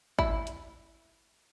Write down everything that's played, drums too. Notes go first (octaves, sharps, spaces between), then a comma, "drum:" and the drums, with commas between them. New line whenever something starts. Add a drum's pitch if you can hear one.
E4, drum: kick
drum: hi-hat